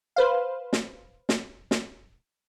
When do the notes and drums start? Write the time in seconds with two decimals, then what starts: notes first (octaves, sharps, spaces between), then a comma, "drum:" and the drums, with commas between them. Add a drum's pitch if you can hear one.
0.16 B4 C5 F5
0.73 drum: snare
1.29 drum: snare
1.71 drum: snare